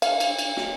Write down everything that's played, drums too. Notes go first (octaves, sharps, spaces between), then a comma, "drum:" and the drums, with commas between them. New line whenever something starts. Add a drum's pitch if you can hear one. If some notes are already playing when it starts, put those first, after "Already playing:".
F5, drum: cymbal
drum: cymbal
drum: cymbal
drum: snare